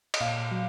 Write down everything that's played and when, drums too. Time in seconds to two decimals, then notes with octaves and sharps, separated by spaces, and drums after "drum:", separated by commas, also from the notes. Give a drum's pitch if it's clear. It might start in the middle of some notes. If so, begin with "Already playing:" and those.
0.14 D#5, drum: cymbal
0.21 A#2 F5
0.51 F#3